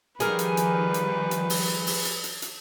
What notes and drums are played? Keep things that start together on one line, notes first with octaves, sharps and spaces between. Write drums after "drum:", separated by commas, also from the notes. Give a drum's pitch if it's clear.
D#3 F3 G3 G#4 A#4 B4, drum: hi-hat
drum: hi-hat
drum: hi-hat
drum: hi-hat
drum: hi-hat
drum: open hi-hat
drum: open hi-hat
drum: hi-hat
drum: hi-hat
drum: hi-hat